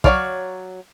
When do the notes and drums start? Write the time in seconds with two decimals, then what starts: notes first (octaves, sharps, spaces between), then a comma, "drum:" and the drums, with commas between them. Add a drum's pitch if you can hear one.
0.04 F#3 G#4 C#5 D5 F5, drum: kick